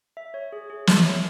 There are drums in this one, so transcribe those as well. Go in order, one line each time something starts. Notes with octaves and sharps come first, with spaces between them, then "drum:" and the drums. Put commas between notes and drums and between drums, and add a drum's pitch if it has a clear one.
E5
C#5
G#4
G#4
E5, drum: snare
C#5